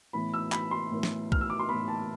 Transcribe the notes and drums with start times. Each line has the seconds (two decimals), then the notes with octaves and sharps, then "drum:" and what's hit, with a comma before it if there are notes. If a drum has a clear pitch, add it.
0.13 A2 E3 B3 B5
0.34 E6
0.52 B5, drum: clap
0.71 C6
0.91 A2 E3 B3
1.03 drum: snare
1.32 F6, drum: kick
1.41 E6
1.50 D6
1.59 C6
1.69 A2 E3 B3 B5
1.88 A5